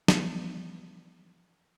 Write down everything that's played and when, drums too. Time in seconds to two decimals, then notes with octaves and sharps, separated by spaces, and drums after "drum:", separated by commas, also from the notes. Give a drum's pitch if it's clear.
0.08 E3 F3 G3 B3, drum: snare